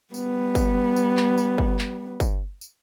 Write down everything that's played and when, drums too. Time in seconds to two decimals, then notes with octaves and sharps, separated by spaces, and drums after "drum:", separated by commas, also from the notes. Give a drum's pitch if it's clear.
0.14 G3 B3, drum: tambourine
0.55 drum: kick, tambourine
0.96 drum: tambourine
1.17 drum: clap
1.38 drum: tambourine
1.58 drum: kick
1.79 drum: clap
2.20 drum: kick, tambourine
2.61 drum: tambourine